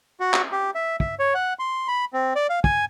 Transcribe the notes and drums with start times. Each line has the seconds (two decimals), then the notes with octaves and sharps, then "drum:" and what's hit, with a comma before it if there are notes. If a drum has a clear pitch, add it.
0.20 F#4
0.34 drum: clap
0.52 G4
0.75 E5
1.00 E5, drum: kick
1.19 C#5
1.34 F#5
1.59 C6
1.88 B5
2.13 C4
2.36 D5
2.50 F5
2.64 G#5, drum: kick